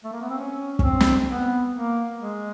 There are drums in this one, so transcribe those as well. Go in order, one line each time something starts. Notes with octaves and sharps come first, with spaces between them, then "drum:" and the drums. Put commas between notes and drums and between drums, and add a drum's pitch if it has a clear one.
A3
A#3
B3
C4
C#4
C#4, drum: kick
C4
drum: snare
B3
A#3
G#3